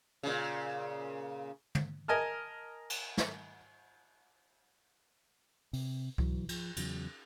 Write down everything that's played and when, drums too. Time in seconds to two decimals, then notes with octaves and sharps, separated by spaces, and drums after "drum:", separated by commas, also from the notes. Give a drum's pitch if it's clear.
0.23 A#2 C#3
1.75 drum: tom
2.08 A#4 D#5 G#5 A5 F6
2.90 drum: cymbal
3.17 drum: snare
5.73 C3, drum: open hi-hat
6.18 B1 E3 F#3, drum: kick C2
6.49 F3, drum: cymbal
6.76 E2 C#3 F#3, drum: cymbal